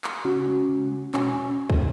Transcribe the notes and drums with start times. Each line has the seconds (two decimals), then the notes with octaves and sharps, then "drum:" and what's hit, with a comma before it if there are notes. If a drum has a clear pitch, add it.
0.04 drum: clap
0.25 C#3 C#4 F#4
0.47 G#3
0.69 C#3
0.92 G#3
1.14 B2 C#4, drum: clap
1.70 drum: kick